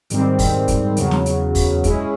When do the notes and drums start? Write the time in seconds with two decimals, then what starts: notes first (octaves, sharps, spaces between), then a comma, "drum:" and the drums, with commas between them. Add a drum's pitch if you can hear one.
0.10 G#2 D#3 G3 C4, drum: hi-hat
0.39 drum: kick, open hi-hat
0.68 drum: kick, hi-hat
0.97 E2 C#3 F#3, drum: hi-hat
1.11 drum: snare
1.26 drum: hi-hat
1.55 drum: kick, open hi-hat
1.84 G#3 C#4 E4 G#4, drum: kick, hi-hat